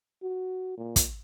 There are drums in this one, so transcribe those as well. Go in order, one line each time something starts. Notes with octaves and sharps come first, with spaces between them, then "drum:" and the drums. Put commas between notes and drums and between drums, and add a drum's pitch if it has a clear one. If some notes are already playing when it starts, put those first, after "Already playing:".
F#4
A#2
drum: kick, hi-hat